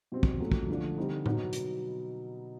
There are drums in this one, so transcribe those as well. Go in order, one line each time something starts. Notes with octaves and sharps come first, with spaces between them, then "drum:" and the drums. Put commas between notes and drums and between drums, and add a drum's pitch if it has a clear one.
B2 G3 C4
drum: kick
A#2 F#3 A3 C#4
drum: kick
D3 F3 A3 D4
D3 G3 C4 D#4
B2 F#3 B3 D#4, drum: tom A2
drum: hi-hat